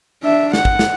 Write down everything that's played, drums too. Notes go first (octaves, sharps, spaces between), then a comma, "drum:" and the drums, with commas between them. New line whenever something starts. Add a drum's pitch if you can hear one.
D4 E5
F#5, drum: snare
drum: kick
drum: snare